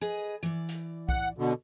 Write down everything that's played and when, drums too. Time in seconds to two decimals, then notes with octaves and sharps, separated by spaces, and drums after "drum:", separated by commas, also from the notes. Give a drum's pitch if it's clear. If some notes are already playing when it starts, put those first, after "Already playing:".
0.01 G#4 B4 D#5
0.43 E3 D5
0.69 drum: hi-hat
1.09 F#5, drum: kick B1
1.38 B2 D3